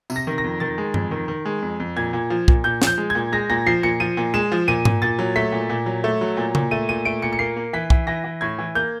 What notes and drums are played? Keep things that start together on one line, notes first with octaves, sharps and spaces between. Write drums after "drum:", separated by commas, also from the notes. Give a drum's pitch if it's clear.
C3, drum: tambourine
A#6
D#3
A#6
F2
D#3 A6
G#3
F2, drum: tom G2
D#3
D#3
G#3
F2
F2
A#2 G#6
A#2
F3
A#2, drum: kick
A#2 G6
F3, drum: snare
G6
G#3
G#6
A#2
G#3 A#6
A#2 A#6
F3 C7
A#2 C#7
F3 D#7
A#2
G#3 E7
F3
A#2 D#7
A#2, drum: tom G#2
A#2 A6
F#3
A3 B6
A#2
A#2
F#3
A3
F#3
A#2
A#2, drum: tom C#3
A3 D#7
A#2 D#7
A3 D7
A#2 C#7
C#7
A#3 C7
A#3
E3 B6
E3, drum: kick
E3 A#6
E3
A2 G#6
E3
A#3 G6